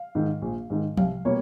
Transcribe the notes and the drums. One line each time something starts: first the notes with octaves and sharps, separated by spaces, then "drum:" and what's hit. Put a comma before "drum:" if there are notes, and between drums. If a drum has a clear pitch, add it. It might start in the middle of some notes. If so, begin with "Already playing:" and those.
Already playing: F5
G#2 D#3
A#1
G#2 D#3
C2 F5, drum: tom F3
B2 G3 A#3 C#5